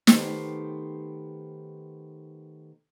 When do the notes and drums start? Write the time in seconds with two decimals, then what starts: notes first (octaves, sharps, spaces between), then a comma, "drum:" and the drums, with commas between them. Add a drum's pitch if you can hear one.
0.07 D#3 A3 B3 G4 C5, drum: snare